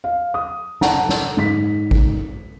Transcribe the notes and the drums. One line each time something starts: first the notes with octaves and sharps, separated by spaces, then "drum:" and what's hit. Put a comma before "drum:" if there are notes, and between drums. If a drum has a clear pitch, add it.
F5
D#6
F#5 A5 A#5, drum: snare
drum: snare
G#2 B6
drum: kick G#1